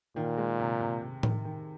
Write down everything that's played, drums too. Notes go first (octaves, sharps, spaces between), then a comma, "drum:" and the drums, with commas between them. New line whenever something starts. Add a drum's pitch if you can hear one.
A#2 D#3
G#3
C3
C3
C3
D#3, drum: tom A2
D#3